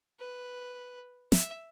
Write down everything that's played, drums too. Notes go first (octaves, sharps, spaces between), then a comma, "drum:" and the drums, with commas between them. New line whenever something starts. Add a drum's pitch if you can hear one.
B4
E5, drum: snare